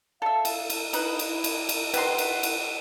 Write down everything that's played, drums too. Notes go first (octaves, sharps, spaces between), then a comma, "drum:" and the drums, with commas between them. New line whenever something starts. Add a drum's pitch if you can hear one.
A4 E5 F5
drum: cymbal
drum: cymbal
D#4 E4 B4, drum: cymbal
drum: cymbal
drum: cymbal
drum: cymbal
C3 D#3 B4 F#5 C6, drum: cymbal
drum: cymbal
drum: cymbal